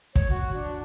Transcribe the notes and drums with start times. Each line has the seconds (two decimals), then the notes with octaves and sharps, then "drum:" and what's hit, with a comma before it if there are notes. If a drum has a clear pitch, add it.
0.15 C#5, drum: kick
0.30 F#4
0.54 D4